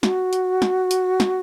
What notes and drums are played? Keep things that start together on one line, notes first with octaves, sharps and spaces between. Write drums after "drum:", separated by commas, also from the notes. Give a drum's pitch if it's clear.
F#4, drum: snare
drum: hi-hat
drum: snare
drum: hi-hat
drum: snare